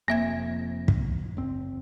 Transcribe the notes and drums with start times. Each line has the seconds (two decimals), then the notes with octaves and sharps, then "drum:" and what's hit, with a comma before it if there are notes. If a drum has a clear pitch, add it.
0.08 F1 F2 A#3 E5 G#6
0.88 drum: kick
1.37 F#1 C4